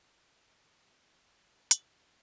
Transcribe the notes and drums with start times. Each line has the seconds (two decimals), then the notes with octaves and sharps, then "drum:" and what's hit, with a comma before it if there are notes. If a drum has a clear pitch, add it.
0.17 G#1 D#5 A#5
1.71 drum: hi-hat